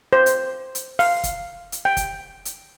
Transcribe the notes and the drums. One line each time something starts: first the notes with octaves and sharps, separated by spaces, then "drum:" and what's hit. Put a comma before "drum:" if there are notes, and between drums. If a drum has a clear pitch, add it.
C5
drum: hi-hat
drum: hi-hat
F5, drum: open hi-hat
drum: kick, hi-hat
drum: hi-hat
G5
drum: kick, hi-hat
drum: hi-hat